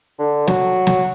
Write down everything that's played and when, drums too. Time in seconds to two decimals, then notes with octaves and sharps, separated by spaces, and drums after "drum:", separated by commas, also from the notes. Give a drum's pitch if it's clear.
0.19 D3
0.47 F#3, drum: snare
0.87 drum: snare